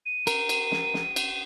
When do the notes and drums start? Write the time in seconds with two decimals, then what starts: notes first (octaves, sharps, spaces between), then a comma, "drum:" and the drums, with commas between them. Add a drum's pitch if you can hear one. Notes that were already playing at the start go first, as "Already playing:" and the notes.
0.06 D#7
0.27 A#4, drum: cymbal
0.49 drum: cymbal
0.72 drum: snare
0.94 drum: snare
1.16 drum: cymbal